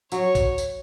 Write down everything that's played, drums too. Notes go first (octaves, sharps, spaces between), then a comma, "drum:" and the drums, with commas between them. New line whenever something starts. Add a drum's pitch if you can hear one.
F#3 C#5, drum: tambourine
drum: kick, tambourine
drum: tambourine